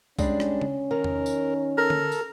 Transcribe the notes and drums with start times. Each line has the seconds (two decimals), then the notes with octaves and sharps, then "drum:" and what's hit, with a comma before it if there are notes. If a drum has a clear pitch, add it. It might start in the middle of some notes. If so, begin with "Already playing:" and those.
0.19 G3 G#3 C#4 D4, drum: kick B1, tambourine
0.40 drum: rim click
0.61 drum: tom C#3
0.91 D#3 A#4
1.04 drum: tom E2
1.26 drum: tambourine
1.77 A4 A#4
1.90 drum: tom D3
2.12 drum: tambourine